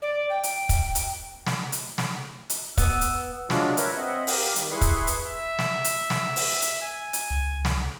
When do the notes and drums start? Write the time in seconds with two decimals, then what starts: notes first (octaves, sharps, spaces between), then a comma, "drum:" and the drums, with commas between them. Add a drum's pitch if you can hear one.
0.02 D5
0.30 G5
0.43 drum: hi-hat
0.69 drum: kick, hi-hat
0.95 drum: hi-hat
1.47 drum: snare
1.72 drum: hi-hat
1.98 drum: snare
2.50 drum: hi-hat
2.77 B3 E6, drum: kick, hi-hat
3.01 drum: hi-hat
3.50 F#3 G#3 D4 F4 F#4, drum: snare
3.77 A#4 B4 C#5 E5, drum: hi-hat
3.97 C4 D#5 E5 F#5
4.27 G4 A#4 F5, drum: open hi-hat
4.56 D#3 G3, drum: hi-hat
4.71 E4 G#4 B4 C6 C#6
4.81 drum: kick, hi-hat
5.07 drum: hi-hat
5.28 E5
5.59 drum: snare
5.84 drum: hi-hat
6.10 drum: snare
6.36 drum: open hi-hat
6.62 drum: hi-hat
6.82 G#5
7.13 drum: hi-hat
7.30 C#2
7.65 drum: snare